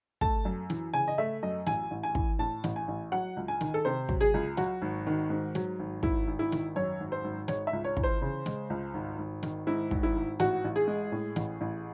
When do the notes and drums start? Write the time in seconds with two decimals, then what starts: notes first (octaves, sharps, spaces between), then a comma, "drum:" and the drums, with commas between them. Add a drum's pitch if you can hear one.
0.21 A3 A5, drum: kick
0.45 F#2
0.70 E3, drum: snare
0.94 C#3 G#5
1.08 D#5
1.18 A3 E5
1.43 F#2 D#5
1.66 A1 G#5, drum: snare
1.91 A1
2.03 G#5
2.15 E3, drum: kick
2.39 A2 A5
2.64 A1, drum: snare
2.76 G#5
2.88 A1
3.12 F#3 F#5
3.37 C#2
3.48 G#5
3.61 D#3, drum: snare
3.74 A4
3.85 C3 C5
4.09 F#3, drum: kick
4.21 G#4
4.34 C#2
4.57 F#3 F#4, drum: snare
4.82 G#1
5.07 D#3
5.30 G#2
5.55 F#3, drum: snare
5.79 G#1
6.03 G#1 E4, drum: kick
6.27 G#1
6.39 E4
6.52 D#3, drum: snare
6.76 F#2 C#5
7.00 G#1
7.12 C5
7.24 G#1
7.48 G#3 C#5, drum: snare
7.67 E5
7.73 C#2
7.84 C#5
7.97 E3, drum: kick
8.04 C5
8.22 C#3
8.46 G#3, drum: snare
8.70 C#2
8.94 G#1
9.18 G#1
9.43 D#3, drum: snare
9.67 G#2 E4
9.91 G#1, drum: kick
10.03 E4
10.16 G#1
10.40 A1 F#4, drum: snare
10.64 A1
10.76 G#4
10.88 G#3
11.12 A2
11.36 A1, drum: snare
11.61 A1